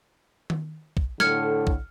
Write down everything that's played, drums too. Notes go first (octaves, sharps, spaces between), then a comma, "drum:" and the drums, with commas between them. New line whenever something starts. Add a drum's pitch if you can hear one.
drum: tom D#3
drum: kick
A2 D3 A4 F6 G#6 C#7, drum: snare
drum: kick